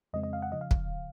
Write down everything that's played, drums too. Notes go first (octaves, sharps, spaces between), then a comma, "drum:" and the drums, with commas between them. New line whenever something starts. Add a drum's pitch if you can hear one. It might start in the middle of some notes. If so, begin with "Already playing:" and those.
F2 C#3 G#3 C4 D#5
D#5
F5
F#5
C#3 F3 D#5
F5
drum: kick